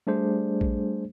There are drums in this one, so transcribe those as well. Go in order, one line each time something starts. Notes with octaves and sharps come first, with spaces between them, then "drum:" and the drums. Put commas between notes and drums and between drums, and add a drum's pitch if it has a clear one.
G3 A3 D4 G#4 C5
drum: kick